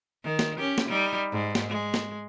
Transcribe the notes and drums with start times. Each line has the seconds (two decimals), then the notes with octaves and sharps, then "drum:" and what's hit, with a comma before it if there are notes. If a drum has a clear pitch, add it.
0.24 D#3
0.39 drum: snare
0.58 C#4 G4
0.78 drum: snare
0.88 G3 D#4
1.32 G#2
1.55 drum: snare
1.69 G#3
1.94 drum: snare